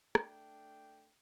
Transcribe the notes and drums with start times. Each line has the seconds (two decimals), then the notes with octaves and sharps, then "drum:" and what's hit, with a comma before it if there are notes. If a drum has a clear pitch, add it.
0.15 A3 D4 G5, drum: rim click